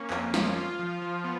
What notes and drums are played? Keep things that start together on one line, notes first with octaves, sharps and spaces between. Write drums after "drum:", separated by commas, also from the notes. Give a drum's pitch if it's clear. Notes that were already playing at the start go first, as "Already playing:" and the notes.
Already playing: A#3 C#4
F2, drum: clap
F3, drum: snare
F4
F3
F3
B3